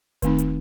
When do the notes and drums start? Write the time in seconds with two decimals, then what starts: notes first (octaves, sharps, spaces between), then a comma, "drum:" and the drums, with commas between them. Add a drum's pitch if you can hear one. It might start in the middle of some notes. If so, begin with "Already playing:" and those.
0.22 D#3 A3 C4 D#4, drum: kick E1, hi-hat
0.38 drum: hi-hat